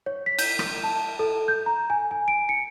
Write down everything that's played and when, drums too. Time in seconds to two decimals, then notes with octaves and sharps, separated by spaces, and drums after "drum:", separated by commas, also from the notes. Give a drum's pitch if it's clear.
0.06 C#5
0.26 B6
0.39 G6, drum: cymbal
0.59 drum: rim click
0.84 A5
1.19 A4
1.48 G6
1.66 A#5
1.90 G#5
2.11 G#5
2.28 D7
2.49 C#7